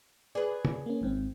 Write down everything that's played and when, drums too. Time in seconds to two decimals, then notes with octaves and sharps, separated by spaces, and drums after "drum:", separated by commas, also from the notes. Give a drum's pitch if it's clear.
0.35 G#4 B4 D5
0.65 drum: tom
0.86 A#3 C#4
1.01 G#1 G#2 C4